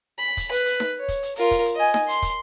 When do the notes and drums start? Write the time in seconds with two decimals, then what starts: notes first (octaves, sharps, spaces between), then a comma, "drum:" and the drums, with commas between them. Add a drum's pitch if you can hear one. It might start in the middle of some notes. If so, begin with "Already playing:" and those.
0.19 B5
0.37 drum: kick, hi-hat
0.51 B4, drum: hi-hat
0.66 drum: hi-hat
0.80 drum: snare D#4
0.99 C#5
1.08 drum: kick, hi-hat
1.23 drum: hi-hat
1.36 F4 A#4, drum: hi-hat
1.51 drum: kick, hi-hat
1.65 drum: hi-hat
1.76 D#5 G#5
1.94 drum: snare D#4
2.08 C6, drum: hi-hat
2.22 drum: kick, hi-hat